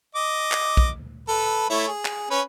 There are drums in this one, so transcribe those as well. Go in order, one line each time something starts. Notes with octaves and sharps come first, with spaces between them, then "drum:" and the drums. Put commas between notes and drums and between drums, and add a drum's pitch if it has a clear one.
D#5 D6
drum: clap
drum: kick
A4 B4
A3 E4 C#5
G#4
drum: clap
C#4 B4 C#5